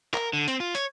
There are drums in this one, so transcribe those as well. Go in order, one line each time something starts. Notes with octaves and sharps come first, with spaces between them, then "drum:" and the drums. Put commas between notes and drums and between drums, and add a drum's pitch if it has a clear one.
A#4, drum: clap
D3
C4, drum: hi-hat
F4
C#5, drum: hi-hat